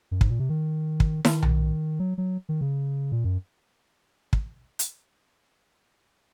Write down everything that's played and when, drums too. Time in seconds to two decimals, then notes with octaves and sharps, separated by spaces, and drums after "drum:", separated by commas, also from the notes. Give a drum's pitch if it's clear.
0.11 F#2
0.21 G#2, drum: kick
0.30 A#2
0.40 C3
0.49 D#3
1.00 drum: kick
1.25 D#3, drum: snare E4
1.43 drum: tom B1
1.99 F#3
2.18 F#3
2.49 D#3
2.61 C#3
3.12 A#2
3.24 F#2
4.33 drum: kick
4.79 drum: hi-hat